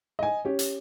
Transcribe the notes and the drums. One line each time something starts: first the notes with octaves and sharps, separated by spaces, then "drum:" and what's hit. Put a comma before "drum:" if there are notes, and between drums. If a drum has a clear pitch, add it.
D#5 G#5
C#4 G4
drum: hi-hat